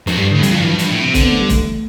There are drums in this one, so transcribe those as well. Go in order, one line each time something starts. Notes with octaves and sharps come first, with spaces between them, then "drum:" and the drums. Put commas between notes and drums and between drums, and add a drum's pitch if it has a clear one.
F2 F3, drum: snare
G2 G3
A2 D3
F2 G3, drum: hi-hat
G2 F3
E3
G2 F3
G2, drum: hi-hat
A2
C3
D3 C4, drum: kick, hi-hat
B3
A3
G3
A3, drum: kick, hi-hat